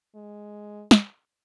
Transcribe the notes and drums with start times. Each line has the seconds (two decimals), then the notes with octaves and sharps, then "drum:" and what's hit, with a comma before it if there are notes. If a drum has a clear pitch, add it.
0.15 G#3
0.91 drum: snare